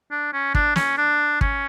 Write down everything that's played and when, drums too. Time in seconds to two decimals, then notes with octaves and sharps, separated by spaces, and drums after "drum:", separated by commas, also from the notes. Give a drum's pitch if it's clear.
0.11 D4
0.33 C#4
0.55 D4, drum: kick
0.76 C#4, drum: snare
0.98 D4
1.41 C#4, drum: kick